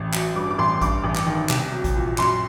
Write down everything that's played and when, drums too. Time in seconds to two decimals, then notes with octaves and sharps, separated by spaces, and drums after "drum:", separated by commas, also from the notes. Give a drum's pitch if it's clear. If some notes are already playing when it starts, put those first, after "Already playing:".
Already playing: A1
0.13 F#3, drum: clap
0.35 G2 D6
0.51 D6
0.58 A1 C6
0.81 G2 D6, drum: kick A1, hi-hat
1.04 A1
1.16 drum: clap
1.26 D#3
1.49 C2, drum: clap
1.72 F#3
1.84 drum: kick A1, hi-hat
1.96 A#2
2.18 F#2 C6, drum: clap